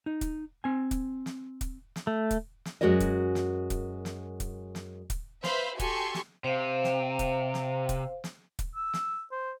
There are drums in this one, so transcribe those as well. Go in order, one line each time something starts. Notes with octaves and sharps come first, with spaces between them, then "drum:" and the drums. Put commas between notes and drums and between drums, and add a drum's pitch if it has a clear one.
D#4
drum: kick, hi-hat
C4 G#5
drum: kick, hi-hat
drum: snare
drum: kick, hi-hat
drum: snare
A3
drum: kick, hi-hat
drum: snare
F#2 G#3 F#4 A#4 C#5 D#5
drum: kick, hi-hat
drum: snare
drum: kick, hi-hat
drum: snare
drum: kick, hi-hat
drum: snare
drum: kick, hi-hat
B4 C5 E5 F5 B5 C6, drum: snare
F#4 G4 A4 G#5 C6 C#6, drum: kick, hi-hat
drum: snare
C3 C5 F5
drum: snare
drum: kick, hi-hat
drum: snare
drum: kick, hi-hat
drum: snare
drum: kick, hi-hat
E6
drum: snare
C5